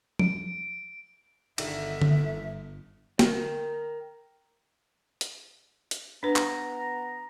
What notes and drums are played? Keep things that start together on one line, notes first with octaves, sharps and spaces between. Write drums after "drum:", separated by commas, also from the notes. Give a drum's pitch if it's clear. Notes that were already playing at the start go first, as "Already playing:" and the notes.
D7, drum: tom F3
G1 D3 D#3 E5, drum: cymbal
drum: tom D3
A#4 G5, drum: snare
drum: hi-hat
drum: hi-hat
E3 B3 D4 B4 A#5
drum: clap